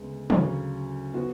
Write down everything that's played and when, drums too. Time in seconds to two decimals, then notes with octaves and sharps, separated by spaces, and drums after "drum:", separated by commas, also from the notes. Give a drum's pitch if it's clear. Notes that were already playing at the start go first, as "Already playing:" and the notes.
Already playing: D2 C#3 G#3 B3
0.30 D2 C#3 F#3 C#4, drum: tom
1.14 F3 B3 F#4